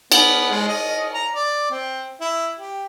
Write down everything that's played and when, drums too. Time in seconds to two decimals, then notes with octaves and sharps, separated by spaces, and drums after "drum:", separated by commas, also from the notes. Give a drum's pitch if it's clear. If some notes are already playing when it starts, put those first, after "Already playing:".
0.12 B3, drum: cymbal
0.50 G#3
0.68 D#5
1.14 A#5
1.34 D5
1.71 C4
2.21 E4
2.59 G4